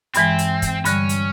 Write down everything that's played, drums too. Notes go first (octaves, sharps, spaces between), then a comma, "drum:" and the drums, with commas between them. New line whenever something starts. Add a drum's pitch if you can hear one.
G2 E3 G#3 C4, drum: hi-hat
drum: hi-hat
drum: kick, hi-hat
G2 D3 G3 C#4, drum: hi-hat
drum: hi-hat